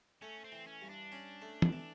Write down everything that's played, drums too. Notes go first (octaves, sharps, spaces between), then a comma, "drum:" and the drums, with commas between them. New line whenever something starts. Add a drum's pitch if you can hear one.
A3 C#4
C4
E3
C#4
G2
D4
C#4
A3
drum: tom
E3